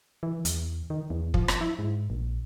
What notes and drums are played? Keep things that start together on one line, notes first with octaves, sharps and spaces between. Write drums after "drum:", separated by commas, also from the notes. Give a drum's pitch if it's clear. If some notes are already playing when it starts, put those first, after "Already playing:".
E3
E2, drum: hi-hat
D#3
E2
F3, drum: kick
drum: rim click
E4
G#2
A#1